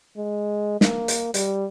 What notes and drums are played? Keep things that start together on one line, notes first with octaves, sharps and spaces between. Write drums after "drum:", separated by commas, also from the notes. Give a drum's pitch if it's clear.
G#3
A#3, drum: snare
drum: hi-hat
G3, drum: hi-hat